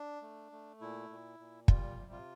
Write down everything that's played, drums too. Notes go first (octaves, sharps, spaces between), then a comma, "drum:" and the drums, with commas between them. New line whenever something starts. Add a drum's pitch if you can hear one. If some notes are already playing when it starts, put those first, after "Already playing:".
Already playing: D4
A3
A3
A#2 E4
A#2
A#2
G3 F4, drum: kick
C3
F4